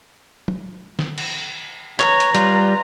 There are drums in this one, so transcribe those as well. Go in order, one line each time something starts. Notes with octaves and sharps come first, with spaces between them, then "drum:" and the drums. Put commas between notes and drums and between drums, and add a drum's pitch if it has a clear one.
drum: tom
drum: snare
drum: cymbal
B4 C#5 A#5, drum: clap
drum: hi-hat
G3 F4, drum: hi-hat